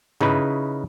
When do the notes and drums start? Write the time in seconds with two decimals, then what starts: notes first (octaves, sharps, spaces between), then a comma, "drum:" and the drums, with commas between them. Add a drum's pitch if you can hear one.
0.21 C#3 D#4 E4 B4, drum: tom G2